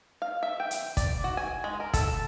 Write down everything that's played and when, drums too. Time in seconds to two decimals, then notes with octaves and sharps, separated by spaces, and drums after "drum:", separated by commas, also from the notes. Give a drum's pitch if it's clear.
0.22 F5
0.43 E5
0.60 G5
0.71 drum: hi-hat
0.97 D5, drum: kick, hi-hat
1.24 F#4
1.37 G#5
1.64 G#3
1.80 A#4
1.93 A4, drum: kick, hi-hat